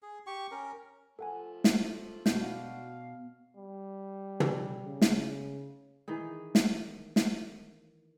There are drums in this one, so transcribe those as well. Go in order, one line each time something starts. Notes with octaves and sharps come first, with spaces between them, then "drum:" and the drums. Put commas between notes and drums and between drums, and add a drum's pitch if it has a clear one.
G#4
G4 C#6
C#4 A#4
F3 A3 A4 F#5 G#5
drum: snare
B2 D4 F#4 G6, drum: snare
F5
G3
drum: tom
C#3
drum: snare
D#3 E3 G#4
drum: snare
drum: snare